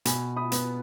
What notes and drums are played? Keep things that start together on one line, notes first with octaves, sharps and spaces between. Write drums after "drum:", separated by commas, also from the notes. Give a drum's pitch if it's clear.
B2 G#5 B5, drum: hi-hat
B5 D#6
B3, drum: hi-hat